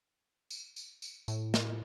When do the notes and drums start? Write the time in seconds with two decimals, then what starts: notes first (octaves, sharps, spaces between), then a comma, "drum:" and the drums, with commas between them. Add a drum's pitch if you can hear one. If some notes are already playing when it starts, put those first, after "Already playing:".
0.51 drum: tambourine
0.76 drum: tambourine
1.02 drum: tambourine
1.28 A2, drum: tambourine
1.54 drum: snare